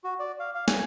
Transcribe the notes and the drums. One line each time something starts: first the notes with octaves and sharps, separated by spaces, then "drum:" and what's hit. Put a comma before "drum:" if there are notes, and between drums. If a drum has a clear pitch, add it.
F#4
D5
F5
F5
G#5, drum: snare